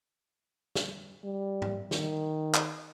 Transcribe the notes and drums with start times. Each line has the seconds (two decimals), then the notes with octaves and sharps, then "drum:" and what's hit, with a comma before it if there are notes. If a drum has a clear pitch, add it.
0.75 drum: snare
1.24 G3
1.62 drum: tom G#2
1.91 D#3, drum: snare
2.54 drum: clap